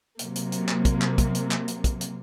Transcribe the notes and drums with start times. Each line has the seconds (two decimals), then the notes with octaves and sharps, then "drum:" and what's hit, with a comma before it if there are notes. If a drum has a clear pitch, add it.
0.19 C3 F#3 A#3, drum: hi-hat
0.36 drum: hi-hat
0.52 drum: hi-hat
0.69 drum: clap
0.85 drum: kick, hi-hat
1.02 drum: clap
1.18 drum: kick, hi-hat
1.35 drum: hi-hat
1.51 drum: clap
1.68 drum: hi-hat
1.84 drum: kick, hi-hat
2.01 drum: hi-hat